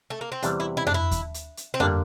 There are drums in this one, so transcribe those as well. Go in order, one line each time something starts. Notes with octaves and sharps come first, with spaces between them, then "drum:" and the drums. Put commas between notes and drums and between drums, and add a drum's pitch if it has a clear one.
A3
A#3
C4
E2 C3 E3 G3 D4, drum: hi-hat
E4
E4
D4, drum: tom F2
E4
drum: kick D#2, hi-hat
drum: hi-hat
drum: hi-hat
C4
D3 G3 A#3 D4, drum: tom F2